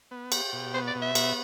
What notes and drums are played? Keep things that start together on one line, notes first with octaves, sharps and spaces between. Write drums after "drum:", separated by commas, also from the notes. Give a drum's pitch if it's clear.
B3
G4, drum: cymbal
B2
B3 C5
D5
B2
E5
B3, drum: cymbal